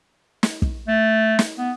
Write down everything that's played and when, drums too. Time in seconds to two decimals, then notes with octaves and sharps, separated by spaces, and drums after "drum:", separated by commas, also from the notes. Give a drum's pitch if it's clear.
0.43 drum: snare
0.62 drum: kick
0.88 A3
1.39 drum: snare
1.58 B3